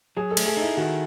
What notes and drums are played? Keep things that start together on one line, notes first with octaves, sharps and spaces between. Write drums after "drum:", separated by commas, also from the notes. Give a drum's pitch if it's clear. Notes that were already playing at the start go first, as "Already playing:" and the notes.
F#3 G#4
A4
A3, drum: cymbal
G#4
D#4
E4
D#3 F#4